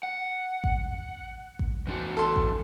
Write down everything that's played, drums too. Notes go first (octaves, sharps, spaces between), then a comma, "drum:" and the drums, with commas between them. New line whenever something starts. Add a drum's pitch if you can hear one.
F#5
drum: kick A1
drum: kick A1
E3 D4 F#4
A4 C6
drum: kick A1